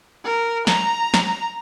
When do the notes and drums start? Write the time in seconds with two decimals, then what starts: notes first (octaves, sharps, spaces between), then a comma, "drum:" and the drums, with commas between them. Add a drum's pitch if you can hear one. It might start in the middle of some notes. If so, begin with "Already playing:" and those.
0.25 A#4
0.67 A#5, drum: snare
1.14 drum: snare